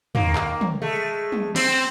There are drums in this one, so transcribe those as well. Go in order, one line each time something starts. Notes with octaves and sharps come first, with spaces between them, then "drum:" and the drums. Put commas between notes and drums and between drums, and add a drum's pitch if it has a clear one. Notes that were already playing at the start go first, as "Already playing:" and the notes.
D#3 A#3, drum: tom
drum: clap
drum: tom
G#3 A3
drum: tom
C4, drum: cymbal